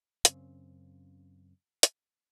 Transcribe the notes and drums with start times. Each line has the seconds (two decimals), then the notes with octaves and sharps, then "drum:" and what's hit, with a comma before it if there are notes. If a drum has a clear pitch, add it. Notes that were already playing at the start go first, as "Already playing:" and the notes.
0.25 F#2 C#3 C4, drum: hi-hat
1.83 drum: hi-hat